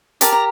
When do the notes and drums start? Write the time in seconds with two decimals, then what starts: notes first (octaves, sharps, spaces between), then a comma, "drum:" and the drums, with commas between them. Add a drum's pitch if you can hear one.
0.21 G4 A#4 D5 A5, drum: hi-hat
0.33 A#5